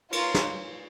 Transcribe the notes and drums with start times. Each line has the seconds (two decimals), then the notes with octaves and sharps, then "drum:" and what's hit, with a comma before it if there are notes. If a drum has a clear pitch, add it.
0.12 F4 A#4 C#5, drum: cymbal
0.34 drum: snare